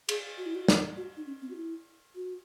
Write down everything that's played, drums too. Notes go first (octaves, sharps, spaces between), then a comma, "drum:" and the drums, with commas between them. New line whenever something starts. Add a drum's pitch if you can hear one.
G#4, drum: cymbal
F#4
E4
F#4
drum: snare
F#4
D#4
C#4
C4
F#4
E4
F#4